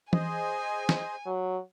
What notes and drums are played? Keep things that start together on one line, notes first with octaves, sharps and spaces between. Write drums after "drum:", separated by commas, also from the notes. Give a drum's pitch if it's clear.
G#4 C5 D#5 G#5, drum: tom E3
drum: snare
F#3